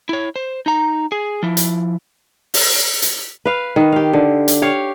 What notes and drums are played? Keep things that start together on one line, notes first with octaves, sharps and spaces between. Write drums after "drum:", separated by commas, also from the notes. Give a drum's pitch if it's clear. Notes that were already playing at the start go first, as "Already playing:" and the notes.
E4 C#5
C5
D#4 A#5
G#4
F3 E4
drum: hi-hat
drum: open hi-hat
drum: hi-hat
B4 F5
D#3 B4
G4 F5
D3
drum: hi-hat
G4 C#5 F5